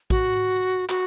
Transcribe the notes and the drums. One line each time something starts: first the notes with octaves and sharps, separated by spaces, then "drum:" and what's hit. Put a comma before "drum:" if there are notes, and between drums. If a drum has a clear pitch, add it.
F#4, drum: kick A1, tambourine
drum: tambourine
drum: tambourine
F#4, drum: clap